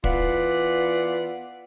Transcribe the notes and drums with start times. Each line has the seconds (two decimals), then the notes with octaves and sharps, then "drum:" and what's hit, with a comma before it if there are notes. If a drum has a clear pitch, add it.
0.04 E3 B3 F4 D5, drum: kick